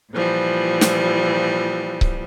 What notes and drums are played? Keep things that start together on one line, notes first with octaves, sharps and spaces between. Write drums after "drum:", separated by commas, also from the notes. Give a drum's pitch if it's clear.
A#2 E3 F3 G3
drum: snare
drum: kick C#1